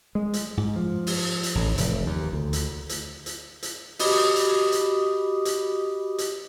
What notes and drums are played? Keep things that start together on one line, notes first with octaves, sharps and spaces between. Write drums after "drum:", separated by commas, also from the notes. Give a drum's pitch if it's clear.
G#3
drum: hi-hat
G#2
F3
drum: open hi-hat
drum: hi-hat
A1
F1, drum: hi-hat
D#2
D2
drum: hi-hat
drum: hi-hat
drum: hi-hat
drum: hi-hat
F#4 G4 D#5 B5 D6 D#6, drum: open hi-hat
drum: hi-hat
drum: hi-hat
drum: hi-hat
drum: hi-hat